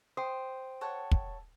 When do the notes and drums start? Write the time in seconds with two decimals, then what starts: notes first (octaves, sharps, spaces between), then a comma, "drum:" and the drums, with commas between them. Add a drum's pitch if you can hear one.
0.17 C5 G5 D#6
0.81 A4 C#5 F#5
1.11 drum: kick